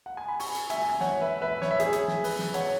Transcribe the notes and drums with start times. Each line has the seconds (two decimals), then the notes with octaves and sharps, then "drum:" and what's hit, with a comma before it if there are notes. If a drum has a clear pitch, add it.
0.06 F#5
0.17 G#5
0.28 B5
0.40 G#5 C#6, drum: open hi-hat
0.55 drum: hi-hat
0.70 E5 G#5, drum: hi-hat
0.89 G#5
1.00 C#5 F#5, drum: snare
1.21 B4 E5
1.42 B4 E5
1.62 C#5, drum: snare
1.71 E5
1.80 G#4 C#5, drum: hi-hat
1.93 G#4, drum: hi-hat
2.08 drum: snare
2.24 B4, drum: open hi-hat
2.39 drum: snare
2.54 C#5 F#5, drum: hi-hat